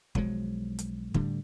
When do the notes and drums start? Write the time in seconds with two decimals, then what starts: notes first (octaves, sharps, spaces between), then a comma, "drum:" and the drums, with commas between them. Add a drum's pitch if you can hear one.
0.15 B1 F3 F#3 G#3, drum: kick
0.79 drum: hi-hat
1.14 A2 D3 G3, drum: kick